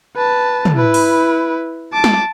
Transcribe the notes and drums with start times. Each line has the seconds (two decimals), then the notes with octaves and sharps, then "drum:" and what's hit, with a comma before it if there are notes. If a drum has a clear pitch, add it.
0.16 B4 A5
0.65 drum: tom
0.75 E4 B4
0.94 drum: open hi-hat
1.93 A5 D6
2.04 drum: snare